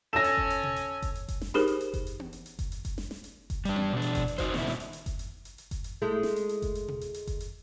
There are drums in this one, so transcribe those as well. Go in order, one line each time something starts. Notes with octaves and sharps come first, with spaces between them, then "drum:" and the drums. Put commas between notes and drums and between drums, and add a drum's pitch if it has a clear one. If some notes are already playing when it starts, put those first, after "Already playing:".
C#4 A4 C#5 A#6 E7
drum: hi-hat
drum: kick F#1
drum: hi-hat
drum: tom B2
drum: hi-hat
drum: kick F#1, hi-hat
drum: hi-hat
drum: kick F#1, hi-hat
drum: snare
D#4 G4 G#4 A#4 C5, drum: snare
drum: hi-hat
drum: hi-hat
drum: kick F#1, hi-hat
drum: hi-hat
drum: tom B3
drum: hi-hat
drum: hi-hat
drum: kick F#1, hi-hat
drum: hi-hat
drum: kick F#1, hi-hat
drum: snare
drum: snare
drum: hi-hat
drum: kick F#1, hi-hat
G3 D4, drum: hi-hat
drum: tom B3
B2 D4
drum: hi-hat
drum: kick F#1, hi-hat
drum: hi-hat
D#4 F#4 C5, drum: kick F#1, hi-hat
B2 D#3 E4, drum: snare
drum: snare
drum: hi-hat
drum: hi-hat
drum: kick F#1, hi-hat
drum: hi-hat
drum: hi-hat
drum: hi-hat
drum: kick F#1, hi-hat
drum: hi-hat
G#3 A3 E4
drum: snare
drum: hi-hat
drum: hi-hat
drum: kick F#1, hi-hat
drum: hi-hat
drum: tom B2
drum: hi-hat
drum: hi-hat
drum: kick F#1, hi-hat
drum: hi-hat